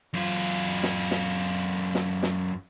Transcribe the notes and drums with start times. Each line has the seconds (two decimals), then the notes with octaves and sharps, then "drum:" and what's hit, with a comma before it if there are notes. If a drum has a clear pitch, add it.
0.14 F#2 F4
0.83 drum: snare
1.11 drum: snare
1.95 drum: snare
2.23 drum: snare